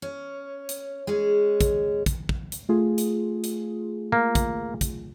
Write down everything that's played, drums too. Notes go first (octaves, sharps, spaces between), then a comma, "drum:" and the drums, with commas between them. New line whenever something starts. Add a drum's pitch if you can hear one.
C#4
drum: hi-hat
G#3 C#4
drum: kick, hi-hat
drum: kick, hi-hat
drum: kick
drum: hi-hat
A3 F4 G#4
drum: hi-hat
drum: hi-hat
A#3
drum: kick, hi-hat
drum: kick, hi-hat